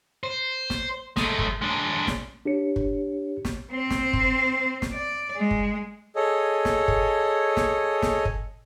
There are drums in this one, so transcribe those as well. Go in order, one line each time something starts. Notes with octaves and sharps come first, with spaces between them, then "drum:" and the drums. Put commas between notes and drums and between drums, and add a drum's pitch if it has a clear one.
C5
drum: snare
G#3 A3, drum: snare
drum: kick
G#3 D4
drum: snare
D4 G4 C#5 C#7
drum: kick
drum: snare
C4 C5
drum: snare
drum: kick
drum: snare
D5
G#3
drum: kick
G#4 A4 C#5 D#5
drum: snare
drum: kick
drum: snare
drum: snare
drum: kick